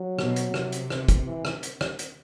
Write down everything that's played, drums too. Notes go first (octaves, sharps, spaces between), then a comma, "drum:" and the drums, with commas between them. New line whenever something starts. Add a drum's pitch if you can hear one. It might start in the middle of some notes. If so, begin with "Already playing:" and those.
Already playing: F#3
B2, drum: rim click
drum: hi-hat
C3, drum: rim click
drum: hi-hat
drum: rim click
drum: kick, hi-hat
E3
drum: rim click
drum: hi-hat
drum: rim click
drum: hi-hat